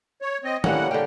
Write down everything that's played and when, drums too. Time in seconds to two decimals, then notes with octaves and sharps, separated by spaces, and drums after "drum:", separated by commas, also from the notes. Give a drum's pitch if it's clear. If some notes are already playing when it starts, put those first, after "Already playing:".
0.22 C#5
0.44 C4 D#5
0.64 A2 G3 A#3 C#4 F#5, drum: tom D#3
0.91 D3 G4 G5